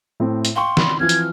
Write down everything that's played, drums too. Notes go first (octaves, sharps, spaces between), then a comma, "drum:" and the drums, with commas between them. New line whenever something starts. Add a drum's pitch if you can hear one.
A2 A3 C4
drum: hi-hat
F5 G5 C6 C#6
B5, drum: snare
E3 F3 C4 F6 G#6
drum: hi-hat